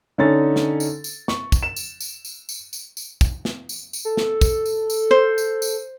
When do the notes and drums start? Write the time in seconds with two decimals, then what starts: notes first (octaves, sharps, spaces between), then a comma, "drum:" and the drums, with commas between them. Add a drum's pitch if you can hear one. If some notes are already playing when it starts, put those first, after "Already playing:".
0.18 D3 C#4 D#4 A4 A6
0.56 drum: snare
0.80 drum: tambourine
1.04 drum: tambourine
1.28 C#6, drum: snare
1.52 drum: kick, tambourine
1.63 E7
1.76 drum: tambourine
2.01 drum: tambourine
2.25 drum: tambourine
2.49 drum: tambourine
2.73 drum: tambourine
2.97 drum: tambourine
3.21 drum: kick, tambourine
3.45 drum: snare
3.69 drum: tambourine
3.93 drum: tambourine
4.05 A4
4.17 drum: snare
4.41 drum: kick, tambourine
4.66 drum: tambourine
4.90 drum: tambourine
5.11 C5
5.38 drum: tambourine
5.62 drum: tambourine